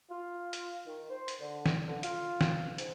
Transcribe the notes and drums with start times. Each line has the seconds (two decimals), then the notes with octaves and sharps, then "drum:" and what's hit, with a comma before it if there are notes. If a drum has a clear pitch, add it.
0.10 F4
0.53 drum: hi-hat
0.86 D#3
1.10 C5
1.28 drum: hi-hat
1.40 D3
1.66 drum: snare
1.87 D3
2.03 F4, drum: hi-hat
2.41 drum: snare
2.78 G#2, drum: hi-hat